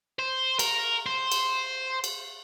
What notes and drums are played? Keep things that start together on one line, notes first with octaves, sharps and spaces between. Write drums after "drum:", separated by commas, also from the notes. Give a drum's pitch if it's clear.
C5
A#4, drum: cymbal
C5
drum: cymbal
drum: cymbal